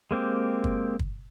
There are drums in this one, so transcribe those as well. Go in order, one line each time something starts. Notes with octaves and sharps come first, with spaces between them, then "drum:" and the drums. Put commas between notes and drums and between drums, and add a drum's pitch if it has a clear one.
G#3 A#3 C4 G4
drum: kick
drum: kick